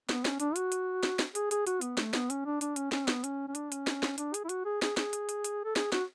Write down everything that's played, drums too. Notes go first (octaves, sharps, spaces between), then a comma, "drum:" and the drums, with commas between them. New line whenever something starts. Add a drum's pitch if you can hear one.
B3, drum: snare
C#4, drum: snare
D4, drum: hi-hat
F#4, drum: hi-hat
drum: hi-hat
drum: snare
drum: snare
G#4, drum: hi-hat
G#4, drum: hi-hat
F#4, drum: hi-hat
B3, drum: hi-hat
A3, drum: snare
B3, drum: snare
C#4, drum: hi-hat
D4
D4, drum: hi-hat
C#4, drum: hi-hat
C#4, drum: snare
B3, drum: snare
C#4, drum: hi-hat
C#4
D4, drum: hi-hat
C#4, drum: hi-hat
drum: snare
drum: snare
D4, drum: hi-hat
G#4, drum: hi-hat
E4
F#4, drum: hi-hat
G#4
G#4, drum: snare
G#4, drum: snare
drum: hi-hat
drum: hi-hat
drum: hi-hat
A4
G#4, drum: snare
F#4, drum: snare